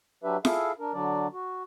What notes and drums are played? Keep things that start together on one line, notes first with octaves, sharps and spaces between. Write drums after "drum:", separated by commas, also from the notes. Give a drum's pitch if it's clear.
F#3 D4 G4 B4 E5
E4 G#4 A4 E5 F5, drum: snare F4
D4 A#4
D3 F#3 D4 D5
F#4